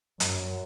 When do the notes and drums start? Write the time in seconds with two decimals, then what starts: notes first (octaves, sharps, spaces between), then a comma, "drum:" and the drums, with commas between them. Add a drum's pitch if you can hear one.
0.20 F#2, drum: hi-hat